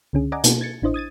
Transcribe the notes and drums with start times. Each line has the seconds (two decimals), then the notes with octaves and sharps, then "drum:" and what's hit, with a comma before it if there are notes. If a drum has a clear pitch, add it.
0.13 C#2 D3 C#4 G#4
0.32 D5 D#5 F#5 G#5 A#5 D6
0.44 B2 A#3 F#4, drum: hi-hat
0.61 G#6 A6 C#7
0.82 A1 D4 E4 C5 D#5
0.94 D#6 G#6 A6 D#7